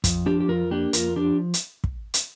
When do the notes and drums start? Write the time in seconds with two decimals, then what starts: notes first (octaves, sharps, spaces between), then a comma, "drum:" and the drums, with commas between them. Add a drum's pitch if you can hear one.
0.04 F2, drum: kick, hi-hat
0.26 F3 D4 G4
0.40 G4
0.48 F2 F4 A#4
0.71 A#3 D4 G4
0.93 F2 F4 A#4, drum: hi-hat
1.16 F3 D4 G4
1.54 drum: hi-hat
1.84 drum: kick
2.14 drum: hi-hat